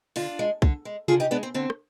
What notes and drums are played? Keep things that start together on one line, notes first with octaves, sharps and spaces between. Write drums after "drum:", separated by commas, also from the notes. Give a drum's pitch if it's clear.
D3 D4 F4, drum: open hi-hat
G#3
D3, drum: kick C2
G#3
D3 F4 G#4, drum: tom C3
D#4 G4
G#3 B3 D4
C4
D3 C4
drum: rim click